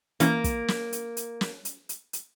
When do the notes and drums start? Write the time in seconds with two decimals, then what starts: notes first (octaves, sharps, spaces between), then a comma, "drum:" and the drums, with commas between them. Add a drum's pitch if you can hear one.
0.20 E3 A#3 C#4, drum: hi-hat
0.44 drum: kick, hi-hat
0.68 drum: snare
0.93 drum: hi-hat
1.17 drum: hi-hat
1.41 drum: snare
1.65 drum: hi-hat
1.89 drum: hi-hat
2.13 drum: hi-hat